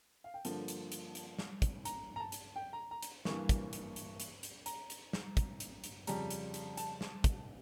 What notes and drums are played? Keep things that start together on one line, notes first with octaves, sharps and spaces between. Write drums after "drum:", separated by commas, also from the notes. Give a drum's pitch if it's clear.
F5
G5
G2 D3 F3 A#3 A5, drum: hi-hat
drum: hi-hat
drum: hi-hat
drum: hi-hat
drum: snare
drum: kick, hi-hat
A#5, drum: hi-hat
A#5
A5
drum: hi-hat
G5
A#5
A#5
drum: hi-hat
G2 E3 A#3 C#6, drum: snare
drum: kick, hi-hat
drum: hi-hat
drum: hi-hat
drum: hi-hat
drum: hi-hat
A#5, drum: hi-hat
drum: hi-hat
drum: snare
drum: kick, hi-hat
drum: hi-hat
drum: hi-hat
F2 C#3 G3 A#5, drum: hi-hat
drum: hi-hat
drum: hi-hat
A5, drum: hi-hat
drum: snare
drum: kick, hi-hat